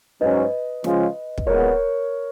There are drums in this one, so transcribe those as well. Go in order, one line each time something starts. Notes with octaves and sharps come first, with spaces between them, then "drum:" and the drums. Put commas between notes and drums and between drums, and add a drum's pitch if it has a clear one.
G#2 F#3 C#4 B4 D#5
C#3 F3 G#3 C#4 F4, drum: snare
drum: kick
A#2 G#3 B3 A#4 C#5